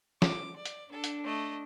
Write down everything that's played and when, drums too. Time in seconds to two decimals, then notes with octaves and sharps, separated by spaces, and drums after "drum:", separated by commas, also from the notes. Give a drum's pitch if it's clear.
0.22 D6, drum: snare
0.56 D5
0.66 drum: hi-hat
0.92 D4 A4
1.04 drum: hi-hat
1.24 A3 D#5